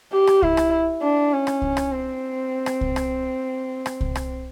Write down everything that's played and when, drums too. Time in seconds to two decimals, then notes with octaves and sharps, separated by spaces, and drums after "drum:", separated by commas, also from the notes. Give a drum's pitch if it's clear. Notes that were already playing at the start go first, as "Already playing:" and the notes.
0.12 G4
0.27 drum: rim click
0.42 E4, drum: kick C2
0.57 drum: rim click
1.02 D4
1.32 C#4
1.47 drum: rim click
1.62 drum: kick C2
1.77 drum: rim click
1.92 C4
2.66 drum: rim click
2.81 drum: kick C2
2.96 drum: rim click
3.86 drum: rim click
4.01 drum: kick C2
4.15 drum: rim click